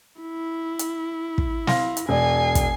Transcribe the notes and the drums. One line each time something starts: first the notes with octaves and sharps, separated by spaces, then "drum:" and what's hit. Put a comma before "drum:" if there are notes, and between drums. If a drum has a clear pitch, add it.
E4
drum: hi-hat
drum: kick
F5 C6 A#6, drum: snare
drum: hi-hat
E1 D5 G#5 C7
drum: kick, hi-hat